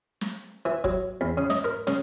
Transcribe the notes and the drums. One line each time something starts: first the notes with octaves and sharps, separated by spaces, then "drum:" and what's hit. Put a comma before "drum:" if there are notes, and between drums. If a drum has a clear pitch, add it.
drum: snare
E3
F#3, drum: kick
E2
C#3
D#5, drum: snare
A#4
C#3, drum: snare